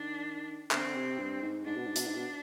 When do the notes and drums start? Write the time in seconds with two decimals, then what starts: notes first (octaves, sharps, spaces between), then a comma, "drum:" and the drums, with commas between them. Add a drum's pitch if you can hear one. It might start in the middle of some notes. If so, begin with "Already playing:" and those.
Already playing: D#3 D4
0.71 D3 C4, drum: clap
0.85 D3
0.95 C3
1.19 G2
1.42 G#2
1.65 G#2 D4
1.76 B2
1.86 G#2
1.96 B2, drum: hi-hat
2.06 G#2
2.16 B2